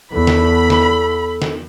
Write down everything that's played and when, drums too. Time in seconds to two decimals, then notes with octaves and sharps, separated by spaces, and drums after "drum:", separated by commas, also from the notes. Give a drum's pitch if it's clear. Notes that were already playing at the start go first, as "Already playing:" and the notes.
0.13 E2 A4 B5
0.27 drum: snare
0.70 drum: snare
1.42 drum: snare